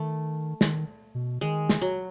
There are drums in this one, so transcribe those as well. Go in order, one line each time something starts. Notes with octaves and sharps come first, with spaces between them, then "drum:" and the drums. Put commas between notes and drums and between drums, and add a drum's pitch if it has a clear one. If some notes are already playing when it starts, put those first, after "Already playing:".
Already playing: D#3 A3
D#3, drum: snare
B2
D#3 G#3
drum: snare
F#3